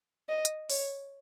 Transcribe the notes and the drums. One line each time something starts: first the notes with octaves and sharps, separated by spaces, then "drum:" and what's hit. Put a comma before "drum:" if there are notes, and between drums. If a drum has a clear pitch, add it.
D#5
drum: hi-hat
C#5, drum: open hi-hat